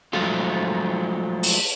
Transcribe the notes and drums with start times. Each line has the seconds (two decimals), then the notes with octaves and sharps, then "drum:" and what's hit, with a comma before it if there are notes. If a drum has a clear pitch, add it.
0.13 F3 F#3 G#3 A3 F4
1.43 drum: open hi-hat